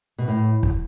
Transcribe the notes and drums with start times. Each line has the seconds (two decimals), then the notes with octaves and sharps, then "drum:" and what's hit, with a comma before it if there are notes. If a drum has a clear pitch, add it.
0.18 B2
0.28 A2
0.63 drum: kick